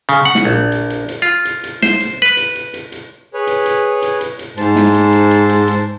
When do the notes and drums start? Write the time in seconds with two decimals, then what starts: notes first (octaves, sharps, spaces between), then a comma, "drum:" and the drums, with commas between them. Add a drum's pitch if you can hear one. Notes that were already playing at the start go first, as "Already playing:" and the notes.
0.09 C#3
0.25 F#5
0.35 drum: snare
0.45 A#1
0.72 drum: hi-hat
0.90 drum: hi-hat
1.08 drum: hi-hat
1.22 F4
1.45 drum: hi-hat
1.64 drum: hi-hat
1.83 C5, drum: snare
2.00 drum: hi-hat
2.22 B4
2.37 drum: hi-hat
2.55 drum: hi-hat
2.74 drum: hi-hat
2.92 drum: hi-hat
3.34 G#4 B4 C#5
3.47 drum: hi-hat
3.66 drum: hi-hat
4.02 drum: hi-hat
4.21 drum: hi-hat
4.39 drum: hi-hat
4.57 G#2 C5 A5, drum: hi-hat
4.76 drum: snare
4.94 drum: hi-hat
5.12 drum: hi-hat
5.31 drum: hi-hat
5.49 drum: hi-hat
5.68 drum: hi-hat